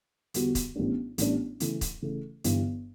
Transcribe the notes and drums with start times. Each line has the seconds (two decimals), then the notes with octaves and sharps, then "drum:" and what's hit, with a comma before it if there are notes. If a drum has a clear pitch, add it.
0.34 E2 D3 G3 B3 F#4, drum: hi-hat
0.55 drum: kick C#1, hi-hat
0.76 A1 A2 G3 B3 D4
1.18 A1 A2 G3 B3 D4, drum: hi-hat
1.60 C#3 E3 A3, drum: hi-hat
1.81 drum: kick C#1, hi-hat
2.02 C#3 E3 A3
2.44 G1 G2 E3 B3, drum: hi-hat